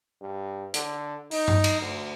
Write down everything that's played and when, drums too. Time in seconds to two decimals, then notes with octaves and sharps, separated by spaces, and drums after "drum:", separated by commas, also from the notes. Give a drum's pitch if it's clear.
0.21 G2
0.74 D3, drum: hi-hat
1.31 D#4, drum: open hi-hat
1.48 drum: tom G2
1.64 drum: cymbal
1.81 D2